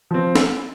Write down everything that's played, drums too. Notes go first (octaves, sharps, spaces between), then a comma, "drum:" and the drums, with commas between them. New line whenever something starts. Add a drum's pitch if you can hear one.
F3 C4
drum: snare